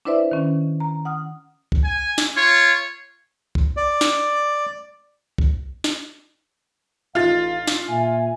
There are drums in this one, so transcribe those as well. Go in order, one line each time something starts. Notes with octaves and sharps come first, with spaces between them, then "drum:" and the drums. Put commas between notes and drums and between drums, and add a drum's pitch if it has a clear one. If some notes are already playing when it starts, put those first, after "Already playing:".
D4 E4 B4 C5 D5 E5
D#3 C#4
A#5
F#5 D#6 F6
drum: kick B1
G#5
drum: snare
F4 C#5
drum: kick B1
D5
drum: snare
drum: kick B1
drum: snare
A1 D#4 F4 F5 A6
drum: snare
A#2 E5 G#5